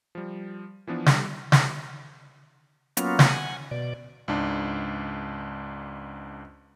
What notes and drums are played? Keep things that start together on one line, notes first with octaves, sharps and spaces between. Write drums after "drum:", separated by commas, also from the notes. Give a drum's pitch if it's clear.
F3 G3
E3 F3 B3 D4
D3 G3, drum: snare
drum: snare
F#3 A#3 B3 C#4 F4, drum: hi-hat
drum: snare
F#5 G#5
B2 D5
C#2 G#2 D4